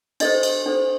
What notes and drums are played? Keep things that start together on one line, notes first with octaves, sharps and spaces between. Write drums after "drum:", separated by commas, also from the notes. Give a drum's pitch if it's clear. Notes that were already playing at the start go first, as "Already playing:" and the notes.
D4 A4 C5 D#5, drum: cymbal
drum: cymbal
D4 A4 C5